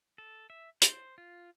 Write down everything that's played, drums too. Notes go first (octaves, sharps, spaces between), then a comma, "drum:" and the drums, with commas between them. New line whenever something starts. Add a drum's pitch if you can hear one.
A4
E5
C5, drum: hi-hat
F4